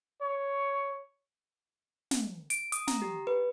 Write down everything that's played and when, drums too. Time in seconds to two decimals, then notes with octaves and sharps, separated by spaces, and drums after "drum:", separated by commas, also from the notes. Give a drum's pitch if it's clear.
0.22 C#5
2.11 drum: snare
2.50 D7, drum: hi-hat
2.72 D#6, drum: hi-hat
2.88 A#5, drum: snare
3.02 G4
3.27 B4